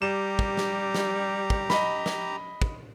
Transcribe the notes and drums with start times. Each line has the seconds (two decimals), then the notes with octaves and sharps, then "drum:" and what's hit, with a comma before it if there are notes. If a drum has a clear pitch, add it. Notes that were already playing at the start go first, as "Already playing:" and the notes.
0.02 G3 G4 A#5 E7
0.39 drum: kick
0.57 drum: snare
0.95 drum: snare
1.50 drum: kick
1.70 D#5 B5, drum: snare
2.06 drum: snare
2.62 drum: kick